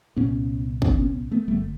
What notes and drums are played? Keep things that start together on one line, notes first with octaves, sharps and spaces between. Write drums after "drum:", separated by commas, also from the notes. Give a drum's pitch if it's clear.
C2 A#2 B3 C#4
C4 D4, drum: kick
B3 C#4
A3 B3
G1 F#2 D3 G3 A3